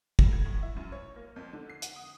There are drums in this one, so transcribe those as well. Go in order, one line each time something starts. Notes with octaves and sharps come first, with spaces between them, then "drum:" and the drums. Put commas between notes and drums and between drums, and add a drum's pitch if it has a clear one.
F1, drum: kick
G#6
A2
E4
F#2
C#5
A#3
F2
D3
C7
F#5, drum: hi-hat
D#6